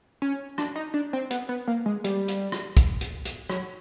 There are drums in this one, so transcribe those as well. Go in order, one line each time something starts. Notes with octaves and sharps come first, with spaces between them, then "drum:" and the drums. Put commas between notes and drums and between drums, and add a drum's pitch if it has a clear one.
C#4
D4, drum: rim click
D#4
D4
C4
B3, drum: hi-hat
B3
A#3
G#3
G3, drum: hi-hat
drum: hi-hat
drum: rim click
drum: kick, hi-hat
drum: hi-hat
drum: hi-hat
F#3, drum: rim click